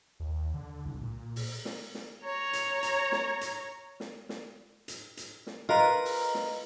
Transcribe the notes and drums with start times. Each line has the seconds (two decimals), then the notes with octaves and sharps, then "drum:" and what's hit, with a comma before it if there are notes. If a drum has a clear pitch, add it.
0.20 D#2
0.54 D3
0.86 C2
1.01 A#2
1.36 drum: open hi-hat
1.65 drum: snare
1.95 drum: snare
2.24 C#5 A#5
2.53 drum: hi-hat
2.83 drum: hi-hat
3.12 drum: snare
3.41 drum: hi-hat
4.00 drum: snare
4.29 drum: snare
4.88 drum: hi-hat
5.17 drum: hi-hat
5.47 drum: snare
5.69 F4 A#4 B4 D#5 A#5
6.05 drum: open hi-hat
6.35 drum: snare